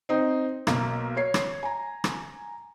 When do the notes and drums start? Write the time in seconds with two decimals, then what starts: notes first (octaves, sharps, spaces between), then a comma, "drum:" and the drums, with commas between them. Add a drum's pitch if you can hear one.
0.09 C4 D#4
0.67 B1 A#3, drum: rim click
1.17 C#5 C7
1.34 drum: rim click
1.63 G#5 A#5
2.04 drum: rim click